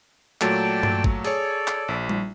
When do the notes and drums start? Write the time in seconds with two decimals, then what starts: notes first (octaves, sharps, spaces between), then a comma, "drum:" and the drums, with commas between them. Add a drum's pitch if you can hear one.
0.41 A#2 F#3 A3 D5 G5 A5, drum: clap
0.83 drum: tom G2
1.04 drum: kick
1.24 G#4 A4 C#5 D5, drum: open hi-hat
1.67 drum: clap
1.88 A#1
2.09 drum: tom G3